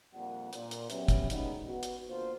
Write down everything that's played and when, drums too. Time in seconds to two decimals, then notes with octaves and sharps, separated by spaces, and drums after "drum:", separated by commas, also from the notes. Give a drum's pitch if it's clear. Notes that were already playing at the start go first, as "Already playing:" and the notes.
0.13 A#1 F2 G3 A#3 F#5
0.53 A#2, drum: hi-hat
0.71 drum: hi-hat
0.90 F#3 B3 C#4 G4 B4 E5, drum: hi-hat
1.08 drum: kick, hi-hat
1.30 C#3 G3 G#3 B3 D#4, drum: hi-hat
1.67 B3 F#4
1.83 drum: hi-hat
2.08 B2 D3 A#3 F4 F#4 C5